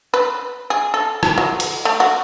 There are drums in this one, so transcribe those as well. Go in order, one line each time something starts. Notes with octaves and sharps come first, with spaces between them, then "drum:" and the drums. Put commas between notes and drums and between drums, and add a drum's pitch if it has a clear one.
B4
G#4
A4
drum: rim click
F#3
drum: cymbal
A3
F#4